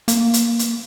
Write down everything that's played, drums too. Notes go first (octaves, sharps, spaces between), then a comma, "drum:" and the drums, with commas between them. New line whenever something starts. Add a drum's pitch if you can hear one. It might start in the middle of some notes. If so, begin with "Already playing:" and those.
A#3, drum: hi-hat
drum: hi-hat
drum: hi-hat